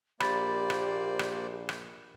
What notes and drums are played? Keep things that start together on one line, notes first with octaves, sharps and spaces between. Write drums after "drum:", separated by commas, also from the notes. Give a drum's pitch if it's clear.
A#1 A#3 G4 C5 D5 B5 A6, drum: rim click
drum: rim click
drum: rim click
drum: rim click